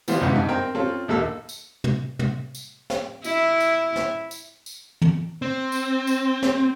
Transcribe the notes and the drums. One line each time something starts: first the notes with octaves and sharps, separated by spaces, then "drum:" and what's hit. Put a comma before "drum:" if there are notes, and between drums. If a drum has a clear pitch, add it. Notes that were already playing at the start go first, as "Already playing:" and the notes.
E3 G3 B3 F4 C5, drum: tambourine
C2 G#2 C#3 B4 F#5
G2 D#4
C4 A#4 G5
C4 C#4 F4 A4
A#1 D#2 A#3 A4 E6
drum: tambourine
drum: tom
drum: tom
drum: tambourine
drum: snare
E4, drum: tambourine
drum: tambourine
drum: snare
drum: tambourine
drum: tambourine
drum: tom
C4
drum: tambourine
drum: tambourine
drum: snare